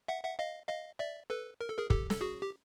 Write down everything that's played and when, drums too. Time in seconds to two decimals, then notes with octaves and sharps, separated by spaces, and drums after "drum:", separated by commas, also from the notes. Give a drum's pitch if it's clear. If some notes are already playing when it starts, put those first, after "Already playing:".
0.08 E5 F#5
0.24 E5 F#5
0.39 D#5 F5
0.69 D#5 F5
0.99 D5 E5
1.30 A4 B4
1.61 A#4
1.69 A4
1.78 G#4 A#4
1.90 G4 A4, drum: kick
2.10 A4, drum: snare
2.21 F#4 G#4
2.42 G4